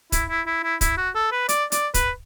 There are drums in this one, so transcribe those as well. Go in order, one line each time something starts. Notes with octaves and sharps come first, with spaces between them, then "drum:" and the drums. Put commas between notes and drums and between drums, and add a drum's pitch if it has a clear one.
E4, drum: kick, hi-hat
E4
E4
E4
E4, drum: kick, hi-hat
F#4
A4
B4
D5, drum: hi-hat
D5, drum: hi-hat
B4, drum: kick, hi-hat